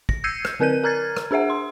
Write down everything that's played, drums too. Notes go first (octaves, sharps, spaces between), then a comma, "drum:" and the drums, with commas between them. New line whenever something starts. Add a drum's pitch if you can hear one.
A#6, drum: kick
E6 G6 G#6 C7 C#7 D#7
drum: rim click
D3 C4 A#4 B4 G6 D#7
A#4 A#5 F6 G#6 A6
drum: rim click
D4 G#4 C5 E5 F#5
C6